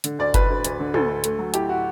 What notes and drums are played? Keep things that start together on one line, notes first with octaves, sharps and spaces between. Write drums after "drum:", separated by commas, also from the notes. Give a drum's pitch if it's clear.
D3, drum: hi-hat
D2 D5
D2 B4, drum: kick F#1, hi-hat
D2
D2, drum: hi-hat
D3
D2 A4, drum: tom
D2
A3, drum: hi-hat
F#3
E4 G4, drum: hi-hat
E4 F#4